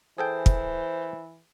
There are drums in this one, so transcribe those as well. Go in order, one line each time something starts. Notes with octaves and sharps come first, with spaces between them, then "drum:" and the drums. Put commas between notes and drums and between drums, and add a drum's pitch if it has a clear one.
E3 G#4 A4 C5 G5
drum: kick